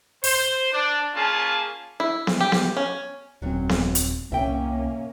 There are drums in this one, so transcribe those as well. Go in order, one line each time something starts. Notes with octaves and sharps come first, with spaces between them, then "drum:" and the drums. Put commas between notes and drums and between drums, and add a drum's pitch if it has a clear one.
C5, drum: open hi-hat
D4
A#3 C#4 F4 G#4 A5
E4
drum: snare B3
G4
drum: snare B3
C#4
D#1 F#2 F#3 C4
drum: snare B3
drum: hi-hat
C2 A#3 C#4 E5 G5